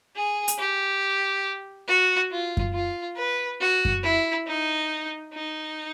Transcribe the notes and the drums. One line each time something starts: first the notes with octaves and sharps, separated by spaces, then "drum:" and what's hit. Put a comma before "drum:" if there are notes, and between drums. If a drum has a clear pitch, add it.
G#4
drum: hi-hat
G4
F#4
F4
drum: kick F#2
F4
B4
F#4
drum: kick F#2
E4
D#4
D#4